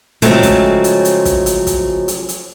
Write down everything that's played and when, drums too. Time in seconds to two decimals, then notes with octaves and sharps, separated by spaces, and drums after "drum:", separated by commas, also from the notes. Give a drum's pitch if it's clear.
0.22 C#3 F3 F#3 G#3 A3 C4, drum: hi-hat
0.43 drum: kick, hi-hat
0.84 drum: hi-hat
1.05 drum: hi-hat
1.25 drum: kick, hi-hat
1.46 drum: hi-hat
1.67 drum: kick, hi-hat
2.08 drum: hi-hat
2.29 drum: hi-hat